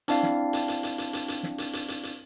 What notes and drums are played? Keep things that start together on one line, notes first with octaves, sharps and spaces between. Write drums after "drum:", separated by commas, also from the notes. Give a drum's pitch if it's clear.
C4 D4 E4 D5 F5, drum: hi-hat
drum: snare
drum: hi-hat
drum: hi-hat
drum: hi-hat
drum: hi-hat
drum: hi-hat
drum: hi-hat
drum: snare
drum: hi-hat
drum: hi-hat
drum: hi-hat
drum: hi-hat